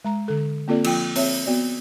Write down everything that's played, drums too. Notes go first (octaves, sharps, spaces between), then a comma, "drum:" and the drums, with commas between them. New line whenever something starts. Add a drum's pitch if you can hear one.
G#3 A#5
D3 A4
A#3 C4 F4 A4 D5
F3 F4 G5, drum: cymbal
C4 C#5 E5, drum: open hi-hat
B3 F#4 D5